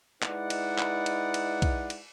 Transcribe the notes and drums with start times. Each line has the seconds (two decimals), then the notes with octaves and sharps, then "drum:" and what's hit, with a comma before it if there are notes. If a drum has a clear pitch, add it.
0.22 G#3 D#4 E4 B4 D5 F#5, drum: clap
0.50 drum: cymbal
0.78 drum: clap
1.06 drum: cymbal
1.34 drum: cymbal
1.62 drum: kick B1, cymbal
1.90 drum: cymbal